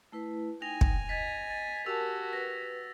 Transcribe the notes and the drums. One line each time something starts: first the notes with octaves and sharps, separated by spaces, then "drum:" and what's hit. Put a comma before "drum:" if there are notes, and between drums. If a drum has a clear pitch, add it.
A3 E4 B4
D#4 G5 G#5 A#6 F7
drum: kick
D#5 G#6 A6 B6
A6
F#4 G4 A#4 A5 E6 F7
B4 A#6